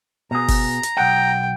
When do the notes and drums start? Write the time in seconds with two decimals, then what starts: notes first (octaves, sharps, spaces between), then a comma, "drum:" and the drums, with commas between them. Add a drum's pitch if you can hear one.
0.31 B2 G#4 A#5
0.48 drum: kick F#1, open hi-hat
0.83 drum: hi-hat
0.97 B1 F#5 G5